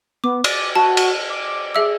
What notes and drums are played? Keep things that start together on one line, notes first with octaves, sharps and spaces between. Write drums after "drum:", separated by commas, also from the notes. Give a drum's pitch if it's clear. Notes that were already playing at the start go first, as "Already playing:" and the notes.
B3 D6
D5, drum: cymbal
F#4 A5
drum: cymbal
D6
G#4 E5 E6